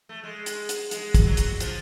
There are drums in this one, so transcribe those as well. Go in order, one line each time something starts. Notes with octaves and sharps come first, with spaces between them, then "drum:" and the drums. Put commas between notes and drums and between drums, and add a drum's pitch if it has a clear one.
A3
G#3
drum: hi-hat
drum: hi-hat
G#3, drum: hi-hat
drum: kick, hi-hat
F#3
drum: hi-hat
F3, drum: hi-hat